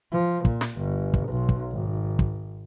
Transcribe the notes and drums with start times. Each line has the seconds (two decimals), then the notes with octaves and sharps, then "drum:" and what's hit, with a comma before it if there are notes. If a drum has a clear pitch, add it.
0.12 F3
0.45 A#2, drum: kick
0.61 drum: snare
0.78 G1
1.14 drum: kick
1.29 B1
1.49 drum: kick
1.72 G#1
2.19 drum: kick